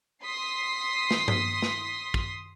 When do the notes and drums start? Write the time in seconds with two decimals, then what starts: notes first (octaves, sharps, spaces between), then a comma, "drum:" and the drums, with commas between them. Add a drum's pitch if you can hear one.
0.24 C6 D#6 B6 C7
1.11 drum: snare
1.28 drum: tom G2
1.62 drum: snare
2.14 drum: kick